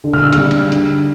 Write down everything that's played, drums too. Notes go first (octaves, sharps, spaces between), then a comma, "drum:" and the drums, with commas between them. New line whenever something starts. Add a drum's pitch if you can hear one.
D3
F6, drum: tom A#2
E6
F6, drum: hi-hat
G3
drum: cymbal
D3, drum: hi-hat